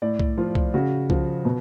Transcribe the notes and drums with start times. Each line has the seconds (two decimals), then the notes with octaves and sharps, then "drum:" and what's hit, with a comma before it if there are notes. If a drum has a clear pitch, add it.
0.02 A2 D5
0.20 drum: kick C2
0.38 F3 F4
0.55 drum: kick C2
0.74 C#3 F#4
1.10 F3, drum: kick C2
1.45 B2